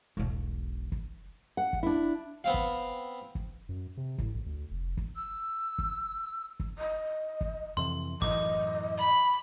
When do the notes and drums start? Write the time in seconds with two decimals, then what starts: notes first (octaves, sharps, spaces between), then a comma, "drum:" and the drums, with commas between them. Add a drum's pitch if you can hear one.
0.17 E1 B1
0.92 drum: kick
1.57 F#5
1.73 drum: kick
1.83 D4 E4
2.44 B3 C4 F5
2.54 drum: kick
3.35 drum: kick
3.69 F#2
3.97 C3
4.18 A2, drum: kick
4.34 A#1
4.46 D2
4.71 F1
4.97 drum: kick
5.15 E6
5.78 drum: kick
6.60 drum: kick
6.78 D#5
7.41 drum: kick
7.77 F2 C3 E3 C6
8.22 F#2 A2 E3 D#5 D6, drum: kick
8.98 B5